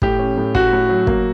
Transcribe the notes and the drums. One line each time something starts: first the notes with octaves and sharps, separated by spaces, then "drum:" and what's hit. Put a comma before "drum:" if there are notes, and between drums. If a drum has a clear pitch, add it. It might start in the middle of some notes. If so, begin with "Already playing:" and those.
A2 G4, drum: kick
C#4
A2
A3 F#4, drum: kick
A2
F#3
A#3, drum: kick